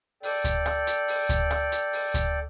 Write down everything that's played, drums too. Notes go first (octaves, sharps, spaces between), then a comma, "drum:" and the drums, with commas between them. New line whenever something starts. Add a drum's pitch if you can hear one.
A4 D5 G5, drum: open hi-hat
drum: kick D2, hi-hat
drum: rim click
drum: hi-hat
drum: open hi-hat
drum: kick D2, hi-hat
drum: rim click
drum: hi-hat
drum: open hi-hat
drum: kick D2, hi-hat